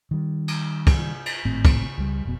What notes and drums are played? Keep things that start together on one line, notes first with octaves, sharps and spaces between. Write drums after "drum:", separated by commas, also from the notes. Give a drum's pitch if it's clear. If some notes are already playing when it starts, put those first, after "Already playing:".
D#3 G3
drum: cymbal
drum: kick, cymbal
drum: cymbal
G#1 A2 C4
drum: kick, cymbal
C#2 G3
F1 B2